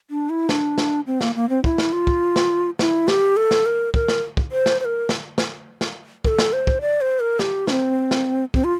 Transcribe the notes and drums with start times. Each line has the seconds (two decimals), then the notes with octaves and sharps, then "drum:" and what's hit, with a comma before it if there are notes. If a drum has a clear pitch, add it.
0.10 D4
0.30 E4
0.49 D4, drum: snare
0.78 drum: snare
1.07 C4
1.21 A#3, drum: snare
1.35 A#3
1.49 C4
1.64 E4, drum: kick
1.78 drum: snare
1.93 F4
2.07 drum: kick
2.36 drum: snare
2.79 E4, drum: snare
3.08 G4, drum: snare
3.37 A4
3.51 drum: snare
3.66 A#4
3.94 A#4, drum: kick
4.08 drum: snare
4.37 drum: kick
4.52 C5
4.66 drum: snare
4.80 C5
4.85 A#4
5.09 drum: snare
5.38 drum: snare
5.81 drum: snare
6.25 A#4, drum: kick
6.28 A4
6.39 drum: snare
6.53 C5
6.67 drum: kick
6.81 D5
7.01 C5
7.20 A#4
7.39 G4, drum: snare
7.67 D4, drum: snare
7.71 C4
8.11 drum: snare
8.54 C4, drum: kick
8.64 F4